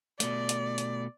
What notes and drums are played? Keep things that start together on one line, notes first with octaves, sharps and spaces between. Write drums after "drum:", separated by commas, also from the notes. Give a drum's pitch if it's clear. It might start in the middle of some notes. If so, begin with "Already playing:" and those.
B2 A3 D5, drum: hi-hat
drum: hi-hat
drum: hi-hat